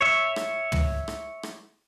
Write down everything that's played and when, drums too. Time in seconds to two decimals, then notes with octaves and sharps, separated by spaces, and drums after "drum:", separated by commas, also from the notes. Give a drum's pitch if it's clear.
0.01 C#5 E5
0.36 drum: rim click
0.72 drum: tom
1.08 drum: rim click
1.43 drum: rim click